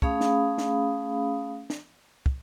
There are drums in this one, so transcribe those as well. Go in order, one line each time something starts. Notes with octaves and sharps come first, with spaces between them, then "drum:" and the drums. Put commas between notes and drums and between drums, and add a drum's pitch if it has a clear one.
A3 C#4 G#4 F5 B5 D#6, drum: kick
drum: snare
drum: snare
drum: snare
drum: kick